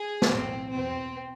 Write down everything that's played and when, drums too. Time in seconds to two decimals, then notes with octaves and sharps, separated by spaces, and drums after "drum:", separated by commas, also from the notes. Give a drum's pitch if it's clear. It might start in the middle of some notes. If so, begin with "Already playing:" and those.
Already playing: G#4
0.22 drum: snare
0.32 B1 A2 E3 C4
0.73 E2 B2 C4